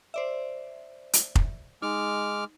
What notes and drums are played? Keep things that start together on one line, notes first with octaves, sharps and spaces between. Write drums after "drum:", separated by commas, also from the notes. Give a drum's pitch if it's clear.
C5 D5 E5
drum: hi-hat
drum: kick F1
G#3 D#4 D6 F6